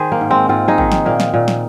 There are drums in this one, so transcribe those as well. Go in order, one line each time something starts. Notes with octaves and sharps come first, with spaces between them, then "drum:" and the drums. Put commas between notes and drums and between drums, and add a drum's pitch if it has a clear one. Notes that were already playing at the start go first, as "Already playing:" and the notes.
Already playing: D#3 G#4 C5
A#3
G#2
G#3 C4
G#2 C4 F4
D#4 G#4
D#3, drum: kick G#1
drum: snare
A#2 A#3
drum: snare
A#2
drum: snare